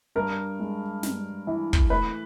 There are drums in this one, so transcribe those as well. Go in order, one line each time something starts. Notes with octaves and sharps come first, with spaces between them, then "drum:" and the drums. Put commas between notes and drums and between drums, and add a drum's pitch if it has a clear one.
G2 A#4
G#3
G2, drum: snare
E3
drum: kick
A3 B4